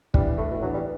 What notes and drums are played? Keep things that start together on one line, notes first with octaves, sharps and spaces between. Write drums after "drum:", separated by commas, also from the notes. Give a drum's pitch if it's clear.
E3 G3 B3 D4, drum: kick
A2 A3
B2
E3 F#3 B3 D4
G3